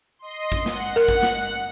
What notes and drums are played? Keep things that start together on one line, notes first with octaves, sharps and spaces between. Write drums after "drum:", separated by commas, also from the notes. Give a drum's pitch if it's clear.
D#5 C6
drum: kick A1
F#5, drum: snare
A#4
drum: kick A1
drum: snare